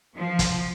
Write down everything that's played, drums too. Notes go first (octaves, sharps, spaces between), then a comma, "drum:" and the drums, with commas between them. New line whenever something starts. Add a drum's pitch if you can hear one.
F3
drum: kick, hi-hat